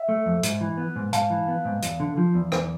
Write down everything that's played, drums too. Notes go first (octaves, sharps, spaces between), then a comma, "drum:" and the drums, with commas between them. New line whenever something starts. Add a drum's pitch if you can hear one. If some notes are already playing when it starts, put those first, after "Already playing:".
Already playing: E5
A3
F2
G#2, drum: hi-hat
E3
B3
G#2
G#2 F5 A5, drum: hi-hat
E3
B3
G#2
E2, drum: hi-hat
D3
F3
E2
E2, drum: rim click